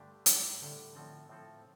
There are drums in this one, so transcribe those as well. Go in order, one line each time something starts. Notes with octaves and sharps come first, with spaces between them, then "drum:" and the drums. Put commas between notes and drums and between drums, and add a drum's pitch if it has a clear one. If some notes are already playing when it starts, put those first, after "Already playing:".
Already playing: G2 D3 A3 D4 G4
A2 G3 C4, drum: hi-hat
A2 D3 G3 C4
A2 F3 C4 A4
A2 F3 C4 A4